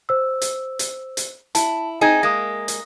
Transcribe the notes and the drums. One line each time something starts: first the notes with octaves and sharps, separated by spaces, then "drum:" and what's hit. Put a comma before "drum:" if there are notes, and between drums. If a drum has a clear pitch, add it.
C5 E6
drum: hi-hat
drum: hi-hat
drum: hi-hat
E4 A5, drum: hi-hat
C4 D#4 G#4 D#5 G#5 G#6
G#3 A#3 D#6 A#6
drum: hi-hat